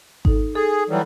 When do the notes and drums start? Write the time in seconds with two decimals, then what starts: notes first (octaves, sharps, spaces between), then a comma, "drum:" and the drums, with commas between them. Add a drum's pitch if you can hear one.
0.25 D#4 A4, drum: kick G#1
0.56 G#4 A4
0.89 E3 F#3 G3